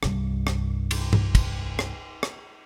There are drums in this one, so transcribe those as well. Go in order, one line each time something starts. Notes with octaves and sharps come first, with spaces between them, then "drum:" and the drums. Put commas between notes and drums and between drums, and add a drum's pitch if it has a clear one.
C2 G2, drum: rim click
drum: rim click
drum: cymbal
drum: tom G2
drum: kick, cymbal
drum: rim click
drum: rim click